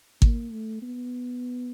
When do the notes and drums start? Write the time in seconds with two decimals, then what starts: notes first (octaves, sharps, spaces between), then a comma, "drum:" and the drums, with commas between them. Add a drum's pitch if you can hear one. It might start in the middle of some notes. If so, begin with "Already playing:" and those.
0.22 A#3, drum: kick
0.52 A3
0.82 B3